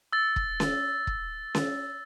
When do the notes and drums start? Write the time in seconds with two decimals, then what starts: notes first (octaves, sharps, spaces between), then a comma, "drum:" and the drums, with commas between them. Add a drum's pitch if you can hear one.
0.12 E6 A6
0.36 drum: kick
0.60 drum: snare C#4
1.07 drum: kick
1.55 drum: snare C#4